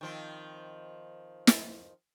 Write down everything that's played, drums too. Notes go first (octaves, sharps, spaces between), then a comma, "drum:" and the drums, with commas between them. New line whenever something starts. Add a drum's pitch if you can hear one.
D#3 F3 C4
drum: snare